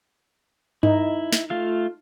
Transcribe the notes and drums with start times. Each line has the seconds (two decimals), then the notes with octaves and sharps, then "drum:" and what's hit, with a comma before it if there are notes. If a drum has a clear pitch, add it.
0.83 D#4 E4, drum: tom G2
1.33 drum: snare
1.50 A3 F4 F5